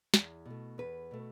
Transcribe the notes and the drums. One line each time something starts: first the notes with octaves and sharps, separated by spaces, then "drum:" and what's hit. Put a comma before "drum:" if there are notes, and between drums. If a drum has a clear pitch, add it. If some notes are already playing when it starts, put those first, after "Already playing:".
E2, drum: snare
B2 A3
E2 B4
B2 A3